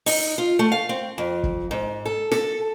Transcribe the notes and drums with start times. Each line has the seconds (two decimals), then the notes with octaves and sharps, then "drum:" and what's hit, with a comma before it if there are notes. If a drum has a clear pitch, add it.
0.06 D#4, drum: open hi-hat
0.38 F4
0.59 A3
0.72 F5
0.89 C4
1.18 F2
1.44 drum: kick
1.71 G#2
2.06 A4
2.31 A4, drum: snare